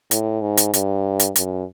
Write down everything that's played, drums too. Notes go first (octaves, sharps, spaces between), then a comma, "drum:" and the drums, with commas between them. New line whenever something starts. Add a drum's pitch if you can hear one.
A2, drum: hi-hat
G#2
drum: hi-hat
G2, drum: hi-hat
drum: hi-hat
F#2, drum: hi-hat